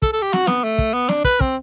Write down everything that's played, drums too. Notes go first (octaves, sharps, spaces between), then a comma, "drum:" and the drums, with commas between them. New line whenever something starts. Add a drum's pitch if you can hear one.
A4, drum: kick
A4
G4
F#4, drum: snare
B3, drum: snare
A3
drum: kick
B3
D4, drum: snare
B4, drum: kick
C4, drum: kick